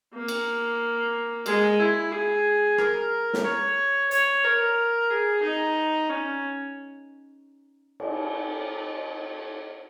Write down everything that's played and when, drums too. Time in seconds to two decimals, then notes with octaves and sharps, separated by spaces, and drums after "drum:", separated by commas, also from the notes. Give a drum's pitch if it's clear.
0.14 A#3
0.28 drum: cymbal
1.46 G#3, drum: cymbal
1.79 E4
2.12 G#4
2.78 A#4, drum: rim click
3.34 drum: snare
3.44 C#5
4.11 C#5, drum: hi-hat
4.44 A#4
5.10 G#4
5.43 D#4
6.09 C#4
8.00 drum: cymbal